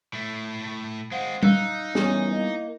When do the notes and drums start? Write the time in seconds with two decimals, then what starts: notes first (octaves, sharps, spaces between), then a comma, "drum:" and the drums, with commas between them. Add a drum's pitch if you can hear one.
0.13 A2 A3
1.12 G#3 C4 C5 F5 F#5
1.43 D#4 F5 E6 F#6, drum: tom G3
1.95 F#2 E3 G3 B3 C#4 D#6, drum: snare
2.29 A#3 E4 D#5